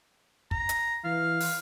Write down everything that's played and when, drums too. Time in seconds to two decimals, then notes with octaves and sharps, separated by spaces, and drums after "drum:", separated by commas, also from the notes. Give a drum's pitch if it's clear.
0.51 A#5, drum: kick
0.69 drum: hi-hat
1.04 E3 F5
1.40 drum: open hi-hat